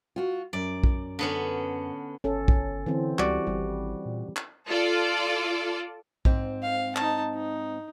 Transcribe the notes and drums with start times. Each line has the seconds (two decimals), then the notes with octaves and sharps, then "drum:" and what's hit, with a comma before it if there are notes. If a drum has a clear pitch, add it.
0.16 F4 F#4
0.53 F#2 D5
0.84 drum: kick A#1
1.19 D3 B3 C#4
2.24 G1 C#4 A4
2.48 drum: kick A#1
2.86 D3 E3 C4
3.19 C#2 G3 F#4 D5, drum: clap
3.47 G1 G3
3.61 G#1
4.05 A#2
4.36 drum: clap
4.68 F4 A4 D5
6.25 G#2 C4, drum: kick A#1
6.63 F5
6.96 D#4 A5, drum: clap
7.34 D#4